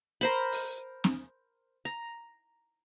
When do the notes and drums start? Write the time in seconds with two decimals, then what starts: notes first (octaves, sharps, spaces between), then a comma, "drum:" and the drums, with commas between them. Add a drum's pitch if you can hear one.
0.21 A#4 C5 B5
0.52 drum: open hi-hat
1.04 drum: snare C4
1.85 A#5